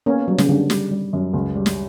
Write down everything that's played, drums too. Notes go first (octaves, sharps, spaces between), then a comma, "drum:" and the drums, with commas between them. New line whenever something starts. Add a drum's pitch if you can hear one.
A#3 B3 C#4
F#3 G3
C#3, drum: snare
D3 G3
G3, drum: snare
G3
F#2
C#2
G3
drum: snare